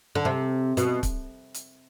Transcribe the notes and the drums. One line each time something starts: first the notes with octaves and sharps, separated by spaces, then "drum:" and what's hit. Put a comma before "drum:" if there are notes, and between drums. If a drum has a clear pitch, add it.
D3
C3
B2, drum: hi-hat
drum: kick C#1, hi-hat
drum: hi-hat